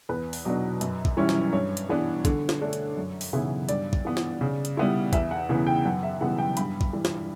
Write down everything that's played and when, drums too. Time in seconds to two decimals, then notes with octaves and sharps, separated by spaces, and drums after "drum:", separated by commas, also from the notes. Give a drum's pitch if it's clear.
0.09 E2 B4
0.33 drum: open hi-hat
0.45 B2 F#3 B3 D4
0.81 F#2, drum: hi-hat
1.05 drum: kick
1.17 E3 G3 C#4 E4
1.29 drum: snare
1.53 G2 C#5
1.77 drum: hi-hat
1.89 E3 B3 D4
2.25 D3, drum: kick, hi-hat
2.49 drum: snare
2.61 A3 D4
2.73 drum: hi-hat
2.97 F#2
3.21 drum: open hi-hat
3.33 C#3 E3 B3 E4
3.69 G2 D5, drum: hi-hat
3.93 drum: kick
4.05 E3 B3
4.17 drum: snare
4.41 C#3
4.65 drum: hi-hat
4.77 G3 B3 E4
5.13 E2 E5, drum: kick, hi-hat
5.31 F#5
5.49 C#3 E3 B3
5.67 G5
5.85 F#2 F#5
6.03 E5
6.21 C#3 E3 G3 B3 F#5
6.38 G5
6.57 G2 B5, drum: hi-hat
6.81 drum: kick
6.93 E3 G3
7.05 drum: snare